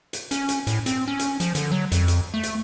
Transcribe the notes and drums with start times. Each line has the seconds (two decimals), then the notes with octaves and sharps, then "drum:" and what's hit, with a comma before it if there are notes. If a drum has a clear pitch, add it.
0.13 drum: hi-hat
0.31 C#4, drum: hi-hat
0.49 drum: hi-hat
0.67 A2, drum: hi-hat
0.86 C4, drum: hi-hat
1.08 C#4
1.19 drum: hi-hat
1.40 F3, drum: hi-hat
1.55 D3, drum: hi-hat
1.72 F#3
1.92 F2, drum: hi-hat
2.08 drum: hi-hat
2.34 A3
2.43 drum: hi-hat